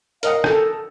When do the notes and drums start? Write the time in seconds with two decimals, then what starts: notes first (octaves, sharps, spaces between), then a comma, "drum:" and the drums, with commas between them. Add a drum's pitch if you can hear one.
0.23 A#4 D#5 F5 F#5, drum: hi-hat
0.44 A4, drum: rim click